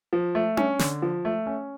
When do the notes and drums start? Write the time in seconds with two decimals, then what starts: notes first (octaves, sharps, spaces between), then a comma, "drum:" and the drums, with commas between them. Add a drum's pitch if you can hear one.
0.13 F3
0.35 A3
0.57 C#4, drum: tom D4
0.79 D3, drum: snare
1.02 F3
1.25 A3
1.46 C#4